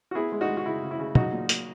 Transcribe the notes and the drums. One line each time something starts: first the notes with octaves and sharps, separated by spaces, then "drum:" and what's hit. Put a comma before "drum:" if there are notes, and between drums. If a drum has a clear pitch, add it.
F#4
B3 E4 G#4
G#3
D#4 F#4
G#3
F#4
C#3 E4
C#3
E4
C#3
F#3 D#4 F#4, drum: tom
A#2
A#2, drum: hi-hat